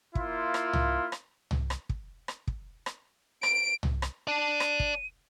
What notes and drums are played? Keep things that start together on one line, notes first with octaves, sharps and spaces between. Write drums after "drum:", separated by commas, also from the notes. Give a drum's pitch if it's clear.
A#3 E4 F4, drum: kick
drum: rim click
drum: tom
drum: rim click
drum: tom
drum: rim click
drum: kick
drum: rim click
drum: kick
drum: rim click
D7, drum: rim click
drum: tom
drum: rim click
D5 A5 D#7
drum: rim click
drum: kick